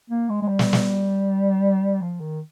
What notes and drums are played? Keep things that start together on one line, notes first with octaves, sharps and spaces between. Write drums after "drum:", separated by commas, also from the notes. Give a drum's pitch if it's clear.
A#3
G#3
G#3
G3
drum: snare
drum: snare
F3
D#3